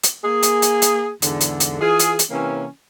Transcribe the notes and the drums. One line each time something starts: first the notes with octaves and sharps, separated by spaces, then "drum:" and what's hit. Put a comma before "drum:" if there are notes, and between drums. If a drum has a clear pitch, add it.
drum: hi-hat
A#3 G#4
drum: hi-hat
drum: hi-hat
drum: hi-hat
E2 G#2 D3, drum: hi-hat
drum: hi-hat
drum: hi-hat
E3 F4 G#4
drum: hi-hat
drum: hi-hat
C3 E3 A#3 C#4